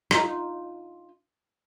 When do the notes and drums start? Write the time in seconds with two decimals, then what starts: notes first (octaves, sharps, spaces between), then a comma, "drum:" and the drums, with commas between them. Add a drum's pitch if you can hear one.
0.11 D#4 F4, drum: rim click